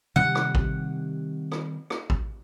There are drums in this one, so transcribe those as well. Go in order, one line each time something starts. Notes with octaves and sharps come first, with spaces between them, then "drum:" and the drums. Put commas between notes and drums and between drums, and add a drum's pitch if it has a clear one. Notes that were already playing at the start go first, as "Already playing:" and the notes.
C3 D#3 G3 F#5
drum: rim click
drum: kick A1
drum: rim click
drum: rim click
drum: kick A1